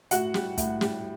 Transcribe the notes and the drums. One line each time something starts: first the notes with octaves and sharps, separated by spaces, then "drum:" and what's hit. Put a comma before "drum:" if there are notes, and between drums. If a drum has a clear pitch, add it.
A2 F#4 F#5, drum: hi-hat
G3, drum: snare
A2, drum: kick, hi-hat
G3, drum: snare